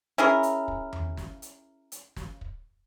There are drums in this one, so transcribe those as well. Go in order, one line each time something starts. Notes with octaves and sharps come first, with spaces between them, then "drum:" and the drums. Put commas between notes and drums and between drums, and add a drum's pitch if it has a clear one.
C#4 E4 G#4 A#4
drum: hi-hat
drum: kick
drum: tom E2
drum: snare
drum: hi-hat
drum: hi-hat
drum: snare
drum: kick